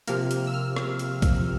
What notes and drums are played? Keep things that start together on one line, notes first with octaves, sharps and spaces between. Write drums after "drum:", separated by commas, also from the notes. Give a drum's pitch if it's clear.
C3 F3 A#3 F6, drum: hi-hat
drum: hi-hat
E6
F6
drum: rim click
drum: hi-hat
drum: kick A#1, hi-hat